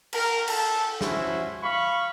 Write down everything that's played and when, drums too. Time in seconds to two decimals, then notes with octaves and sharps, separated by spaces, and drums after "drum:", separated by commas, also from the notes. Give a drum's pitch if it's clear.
0.13 A#4, drum: cymbal
0.48 A4 A5, drum: cymbal
1.01 C#4 E4 F#4 C5, drum: snare
1.63 F5 B5 C#6